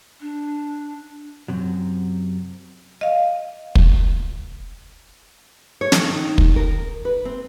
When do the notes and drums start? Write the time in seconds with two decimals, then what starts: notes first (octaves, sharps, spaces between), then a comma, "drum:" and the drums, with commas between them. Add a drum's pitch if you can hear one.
0.20 D4
1.48 F#2 C3 F#3
3.01 D#5 F5
3.75 drum: kick
5.81 C#5
5.92 drum: snare
6.10 D#3
6.38 drum: kick
6.56 A#4
7.05 B4
7.25 C4